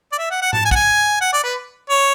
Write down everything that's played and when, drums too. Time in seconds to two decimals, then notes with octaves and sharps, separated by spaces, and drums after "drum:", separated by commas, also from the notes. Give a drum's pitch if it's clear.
0.12 D5
0.18 E5
0.31 F#5
0.42 F#5
0.53 A5, drum: tom G#2
0.65 G#5
0.71 F#5, drum: kick
0.76 G#5
1.21 F#5
1.33 D5
1.44 B4
1.90 C#5